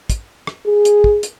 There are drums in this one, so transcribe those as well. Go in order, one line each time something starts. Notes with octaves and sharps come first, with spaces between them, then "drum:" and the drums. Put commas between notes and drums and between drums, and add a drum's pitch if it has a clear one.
drum: kick, hi-hat
drum: rim click
G#4
drum: hi-hat
drum: kick
drum: hi-hat